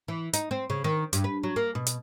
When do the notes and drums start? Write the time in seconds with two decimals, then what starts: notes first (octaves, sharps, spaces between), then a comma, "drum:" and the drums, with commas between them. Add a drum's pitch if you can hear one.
0.08 E3
0.33 D#4, drum: hi-hat
0.51 C4
0.70 C#3
0.84 D#3
1.13 G2, drum: hi-hat
1.24 B4
1.43 F#3
1.56 A#3
1.75 B2
1.87 drum: hi-hat